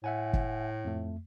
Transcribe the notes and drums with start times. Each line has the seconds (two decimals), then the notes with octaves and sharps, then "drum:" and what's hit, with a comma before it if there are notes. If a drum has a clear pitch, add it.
0.04 A2 E5 F#5 G#5
0.33 drum: kick
0.84 F2 A3